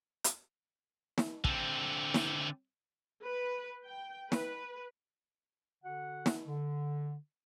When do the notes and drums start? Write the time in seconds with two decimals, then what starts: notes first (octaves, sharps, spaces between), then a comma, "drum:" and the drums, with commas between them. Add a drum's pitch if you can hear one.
0.24 drum: hi-hat
1.18 drum: snare
1.44 D3 C4, drum: kick
2.14 drum: snare
3.23 B4
3.85 G5
4.32 B4, drum: snare
5.84 D3 F#4 F#5
6.26 drum: snare
6.47 D3